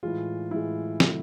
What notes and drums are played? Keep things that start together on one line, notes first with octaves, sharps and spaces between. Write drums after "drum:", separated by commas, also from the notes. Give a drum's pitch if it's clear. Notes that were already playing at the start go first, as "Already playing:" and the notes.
A2 E3 G#3 F4
A2 E3 G#3 E4
C3 D#3 F#3 A3, drum: snare